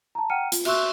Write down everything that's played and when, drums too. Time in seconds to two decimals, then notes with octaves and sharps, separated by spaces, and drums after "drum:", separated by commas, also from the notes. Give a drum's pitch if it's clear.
0.15 A5 A#5
0.30 F#5 G5 A#5 F6 C#7 D#7
0.52 F4, drum: hi-hat
0.65 F#4 E5 C6 C#6 E6 F#6, drum: cymbal